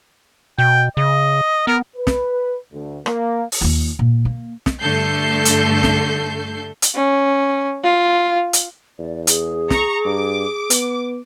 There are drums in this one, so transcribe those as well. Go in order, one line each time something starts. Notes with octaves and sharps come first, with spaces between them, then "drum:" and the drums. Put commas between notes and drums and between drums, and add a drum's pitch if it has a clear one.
B2 G5
C#3 D#5
B3 A#4
B4
drum: snare
D2
A#3, drum: rim click
drum: open hi-hat
D#2 F4
A#2
A#3
drum: snare
G2 D3 A3 A4 G6 C7
drum: hi-hat
drum: snare
drum: hi-hat
C#4
F4
drum: hi-hat
E2 D5
G#4, drum: hi-hat
A#5 C#6, drum: snare
G2 D6
B3, drum: hi-hat